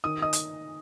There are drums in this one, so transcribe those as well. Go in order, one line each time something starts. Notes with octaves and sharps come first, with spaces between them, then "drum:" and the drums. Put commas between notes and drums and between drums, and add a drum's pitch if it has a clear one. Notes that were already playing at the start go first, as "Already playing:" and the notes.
D#3 D#6
D#5 D#6
drum: hi-hat